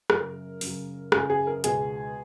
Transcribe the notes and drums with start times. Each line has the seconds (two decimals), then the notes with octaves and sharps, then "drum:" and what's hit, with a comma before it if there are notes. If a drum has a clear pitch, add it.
0.10 F#2 C#3 F#3 A#4, drum: rim click
0.61 F#2 C#3 F#3, drum: open hi-hat
1.12 F#2 C#3 F#3 G#4, drum: rim click
1.30 G#4
1.47 A#4
1.64 C#2 B2 G#3 G#4, drum: hi-hat